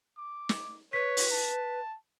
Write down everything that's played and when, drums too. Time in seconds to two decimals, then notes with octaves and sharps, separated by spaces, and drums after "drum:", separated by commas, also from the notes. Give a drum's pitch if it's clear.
0.18 D6
0.49 drum: snare
0.93 B4 C#5 B6
1.17 drum: open hi-hat
1.32 A5